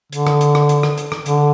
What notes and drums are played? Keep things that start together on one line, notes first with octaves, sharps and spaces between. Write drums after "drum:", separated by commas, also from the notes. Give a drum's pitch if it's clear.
D3, drum: hi-hat
drum: rim click
drum: hi-hat
drum: rim click
drum: hi-hat
drum: rim click
drum: hi-hat
drum: rim click
D3, drum: hi-hat